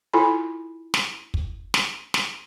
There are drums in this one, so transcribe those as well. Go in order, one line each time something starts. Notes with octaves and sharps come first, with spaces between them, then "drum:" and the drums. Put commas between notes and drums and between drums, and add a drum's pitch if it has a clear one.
E4 F4 A4 G#5 B5
drum: snare
drum: kick
drum: snare
drum: snare